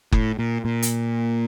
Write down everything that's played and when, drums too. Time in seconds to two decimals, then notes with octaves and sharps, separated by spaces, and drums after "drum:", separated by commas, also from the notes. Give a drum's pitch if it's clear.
0.12 A2, drum: kick F#1
0.39 A#2
0.65 A#2
0.82 drum: hi-hat